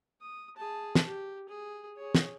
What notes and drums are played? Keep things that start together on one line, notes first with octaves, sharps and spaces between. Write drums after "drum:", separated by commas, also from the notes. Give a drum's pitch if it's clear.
D#6
G#4 A5
drum: snare
G4
G#4
G#4 C#5
drum: snare